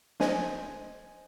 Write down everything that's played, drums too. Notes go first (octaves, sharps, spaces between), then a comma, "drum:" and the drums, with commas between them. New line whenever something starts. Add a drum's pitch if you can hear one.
C5 D#5 G#5, drum: snare